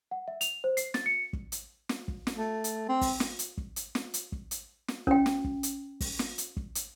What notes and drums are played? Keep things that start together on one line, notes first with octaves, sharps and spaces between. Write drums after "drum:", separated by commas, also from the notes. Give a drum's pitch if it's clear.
F#5
E5
F7, drum: hi-hat
C5
C7, drum: hi-hat
A6, drum: snare
C#7
drum: kick
drum: hi-hat
drum: snare
drum: kick
drum: snare
A3
drum: hi-hat
C4
drum: kick, open hi-hat
drum: snare
drum: hi-hat
drum: kick
drum: hi-hat
drum: snare
drum: hi-hat
drum: kick
drum: hi-hat
drum: snare
C#4 G5, drum: kick
drum: snare
drum: kick
drum: hi-hat
drum: kick, open hi-hat
drum: snare
drum: hi-hat
drum: kick
drum: hi-hat